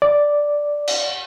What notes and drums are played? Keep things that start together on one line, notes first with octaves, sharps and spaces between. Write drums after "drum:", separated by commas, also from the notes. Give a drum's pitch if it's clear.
D5
drum: cymbal